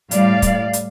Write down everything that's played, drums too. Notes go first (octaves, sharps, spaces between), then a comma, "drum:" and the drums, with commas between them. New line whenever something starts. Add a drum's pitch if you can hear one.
A2 G3 D5 F5, drum: hi-hat
drum: kick, hi-hat
drum: hi-hat